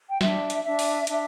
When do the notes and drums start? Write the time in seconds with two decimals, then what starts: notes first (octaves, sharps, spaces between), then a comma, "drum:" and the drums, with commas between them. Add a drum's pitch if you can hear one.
0.09 G5
0.21 D4 E5, drum: snare
0.50 drum: hi-hat
0.64 D4 E5
0.79 drum: open hi-hat
1.07 D4 E5, drum: hi-hat